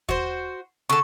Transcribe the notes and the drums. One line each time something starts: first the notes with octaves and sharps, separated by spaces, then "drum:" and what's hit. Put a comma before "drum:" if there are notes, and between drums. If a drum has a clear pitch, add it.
F#4 C5, drum: kick
D3 A4 C#6